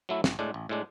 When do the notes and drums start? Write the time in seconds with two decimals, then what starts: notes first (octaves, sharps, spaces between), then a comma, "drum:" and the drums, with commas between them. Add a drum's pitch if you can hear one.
0.09 F#3 A3 E4
0.24 A1, drum: snare
0.39 A2 G#3 D4
0.54 A1
0.69 A2 G#3 D4